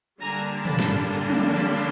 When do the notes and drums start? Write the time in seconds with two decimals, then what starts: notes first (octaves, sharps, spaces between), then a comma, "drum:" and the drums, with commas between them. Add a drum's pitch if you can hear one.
0.20 D3 G3 A#3 D4 G#5 A#5
0.65 A5 B5, drum: tom
0.80 drum: snare
1.10 G#5 A#5
1.30 drum: tom
1.55 A5 B5